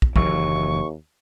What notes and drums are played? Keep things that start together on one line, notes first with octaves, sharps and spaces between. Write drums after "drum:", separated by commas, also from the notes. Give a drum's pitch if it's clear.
drum: kick
F#1 D#2 E3 F#3 C#6, drum: kick